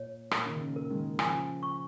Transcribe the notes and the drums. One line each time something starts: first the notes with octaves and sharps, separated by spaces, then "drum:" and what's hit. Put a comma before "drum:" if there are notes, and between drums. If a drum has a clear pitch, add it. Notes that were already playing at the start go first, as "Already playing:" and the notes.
Already playing: A#2 C#5
A#2 A#4, drum: rim click
D#3
C#3
A#2
A#4
D#3 G#3
C#3 F3 G#5, drum: rim click
C#6